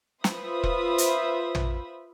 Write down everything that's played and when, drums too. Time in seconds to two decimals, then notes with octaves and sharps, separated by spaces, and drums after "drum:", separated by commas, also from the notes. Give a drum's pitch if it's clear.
0.24 F4 B4 C5 E5 B5 D#6, drum: snare
0.63 drum: kick E1
0.98 drum: hi-hat
1.55 drum: tom